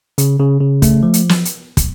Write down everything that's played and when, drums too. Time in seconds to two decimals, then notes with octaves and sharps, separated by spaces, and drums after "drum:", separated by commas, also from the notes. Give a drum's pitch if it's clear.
0.18 C#3, drum: hi-hat
0.39 C#3
0.61 C#3
0.82 A3, drum: kick, hi-hat
1.03 F3
1.14 drum: hi-hat
1.29 drum: snare
1.45 drum: hi-hat
1.77 drum: kick, hi-hat